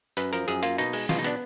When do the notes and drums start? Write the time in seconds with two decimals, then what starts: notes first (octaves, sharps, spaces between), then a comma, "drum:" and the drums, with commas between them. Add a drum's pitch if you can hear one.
0.17 F#2 B4, drum: hi-hat
0.33 F3 A#4, drum: hi-hat
0.48 F#2 G#4, drum: hi-hat
0.63 A#3 F4, drum: hi-hat
0.78 B2 D#4, drum: hi-hat
0.93 G#3, drum: open hi-hat
1.09 B2 F4, drum: snare
1.19 D#4
1.24 B3 D4, drum: hi-hat